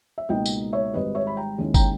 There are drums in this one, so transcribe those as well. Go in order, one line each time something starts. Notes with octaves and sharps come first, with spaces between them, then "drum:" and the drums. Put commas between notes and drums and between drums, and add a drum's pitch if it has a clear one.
E5
C#2 B2 A#3 D#4 D#5 G5
drum: tambourine
C#5 E5
G#1 G#2 G3 B4 D#5
C#5 E5
B5
G5 A#5
D#2 D#3 G#3 C#4 E4
G5 A#5, drum: kick G1, tambourine